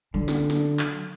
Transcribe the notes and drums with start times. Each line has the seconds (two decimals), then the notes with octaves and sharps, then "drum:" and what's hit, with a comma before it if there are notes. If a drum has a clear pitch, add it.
0.14 D3 F#3
0.28 drum: snare
0.50 drum: snare
0.79 drum: clap